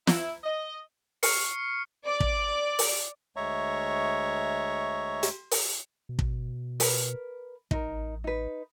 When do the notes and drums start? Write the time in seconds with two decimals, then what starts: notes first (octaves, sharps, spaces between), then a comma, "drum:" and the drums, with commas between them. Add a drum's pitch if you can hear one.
0.07 E4, drum: snare
0.44 D#5
1.23 C#6 F6 C7 C#7, drum: open hi-hat
2.04 D5
2.20 drum: kick
2.79 drum: open hi-hat
3.36 D2 G#3 C#5 E5 A#5 C#6
5.23 drum: hi-hat
5.51 drum: open hi-hat
6.09 B2
6.19 drum: kick
6.80 A#4 B4, drum: open hi-hat
7.71 A1 D#4 A#4, drum: kick
8.24 D#4 B4